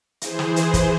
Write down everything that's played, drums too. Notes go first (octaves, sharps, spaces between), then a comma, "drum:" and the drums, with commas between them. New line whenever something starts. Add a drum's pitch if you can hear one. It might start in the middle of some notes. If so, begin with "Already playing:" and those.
E3 G#4 C5, drum: hi-hat
drum: snare
drum: hi-hat
drum: kick, hi-hat